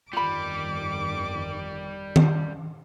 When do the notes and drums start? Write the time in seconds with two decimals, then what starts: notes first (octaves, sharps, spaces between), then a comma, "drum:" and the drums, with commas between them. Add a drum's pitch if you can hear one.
0.13 G1 F2 D#3 G3 F4 B5 D6
2.16 drum: tom D#3